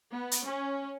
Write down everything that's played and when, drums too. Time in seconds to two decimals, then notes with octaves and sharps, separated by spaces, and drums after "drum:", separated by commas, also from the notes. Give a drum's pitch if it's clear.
0.12 B3
0.31 drum: hi-hat
0.44 C#4